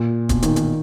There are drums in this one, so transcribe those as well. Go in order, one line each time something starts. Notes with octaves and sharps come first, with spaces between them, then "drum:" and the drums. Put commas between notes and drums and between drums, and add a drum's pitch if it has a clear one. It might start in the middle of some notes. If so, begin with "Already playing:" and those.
Already playing: A#2
B2, drum: kick D1, hi-hat
D#3, drum: hi-hat
D#3, drum: hi-hat